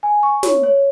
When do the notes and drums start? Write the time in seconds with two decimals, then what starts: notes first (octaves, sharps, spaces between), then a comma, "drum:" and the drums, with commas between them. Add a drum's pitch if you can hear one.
0.03 G#5
0.23 C#6
0.43 C#5, drum: snare
0.63 C#5